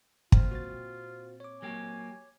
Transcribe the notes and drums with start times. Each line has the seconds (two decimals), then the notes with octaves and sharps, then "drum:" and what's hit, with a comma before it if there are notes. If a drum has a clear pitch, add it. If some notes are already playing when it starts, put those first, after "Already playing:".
0.32 A#2 C4 F4, drum: kick
0.51 F#4 C5 A6
1.40 C#5 D6
1.62 F#3 A#3 G4 G#5